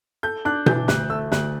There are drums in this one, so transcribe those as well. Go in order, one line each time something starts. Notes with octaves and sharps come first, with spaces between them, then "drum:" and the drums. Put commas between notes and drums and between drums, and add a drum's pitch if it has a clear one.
A4 G6
D4 F#6
E3 G6, drum: tom B2
D2 F#6, drum: snare
A3 E6
D2 F#6, drum: snare